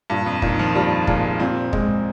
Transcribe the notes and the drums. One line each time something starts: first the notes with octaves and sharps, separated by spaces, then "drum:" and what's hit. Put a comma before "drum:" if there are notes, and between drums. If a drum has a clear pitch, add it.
G2 A#2
F2
A#2 D#3, drum: kick
F3
A#2 G3
A#2 G#3, drum: kick
A#2 C4
G#3, drum: kick